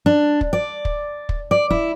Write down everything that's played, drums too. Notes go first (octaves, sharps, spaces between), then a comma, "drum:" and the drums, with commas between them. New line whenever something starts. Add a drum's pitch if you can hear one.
D4
drum: kick
D5
drum: kick
drum: kick
D5
E4, drum: kick